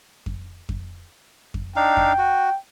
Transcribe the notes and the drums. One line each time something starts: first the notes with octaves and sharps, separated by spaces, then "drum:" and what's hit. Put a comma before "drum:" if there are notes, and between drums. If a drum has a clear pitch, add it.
drum: kick F2
drum: kick F2
drum: kick F2
D4 D#4 F5 G5
drum: kick F2
F#4